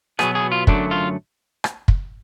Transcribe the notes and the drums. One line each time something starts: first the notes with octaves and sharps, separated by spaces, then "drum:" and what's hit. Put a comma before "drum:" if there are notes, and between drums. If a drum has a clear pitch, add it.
B2 F#3 B3 G#4, drum: rim click
G#4
F4
F#2 D3 F#3 A3 D4, drum: kick
F4
drum: rim click
drum: kick